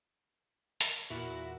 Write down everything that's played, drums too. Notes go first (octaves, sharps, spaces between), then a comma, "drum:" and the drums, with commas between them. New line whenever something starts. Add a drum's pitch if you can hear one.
drum: hi-hat
E2 A#2 E4 F#4